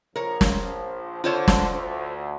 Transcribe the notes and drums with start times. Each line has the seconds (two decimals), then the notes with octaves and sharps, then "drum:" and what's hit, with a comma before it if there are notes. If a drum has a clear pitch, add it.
0.16 A#1 F3 A#4 C#5
0.41 drum: snare
1.24 D3 F4 C5 C#5
1.48 drum: snare
1.69 D2